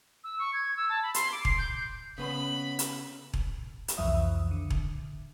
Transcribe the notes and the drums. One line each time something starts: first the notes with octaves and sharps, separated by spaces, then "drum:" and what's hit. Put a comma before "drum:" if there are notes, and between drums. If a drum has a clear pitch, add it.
E6
C#6
G#6
E6
A5
B5
C6, drum: hi-hat
D6
C7, drum: kick E1
G6
C#3 B3 C#4 B5
drum: hi-hat
drum: kick E1
drum: hi-hat
C2 F2 E3 E5 D#6
D3
drum: kick E1